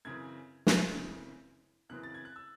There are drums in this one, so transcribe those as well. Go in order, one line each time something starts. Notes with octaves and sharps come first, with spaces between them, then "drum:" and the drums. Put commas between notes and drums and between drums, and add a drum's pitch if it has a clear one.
F#2 C#3 E3 C4 G#6
drum: snare
F#2 C#3 E3 C4
F#2 C#3 E3 C4 F#6
A6
G#6
F#6
E6